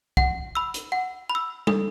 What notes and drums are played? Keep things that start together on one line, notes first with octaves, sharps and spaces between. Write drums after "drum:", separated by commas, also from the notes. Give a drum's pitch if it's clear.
F#5, drum: kick
B5 E6
drum: hi-hat
F#5
B5
E6
A4, drum: tom G3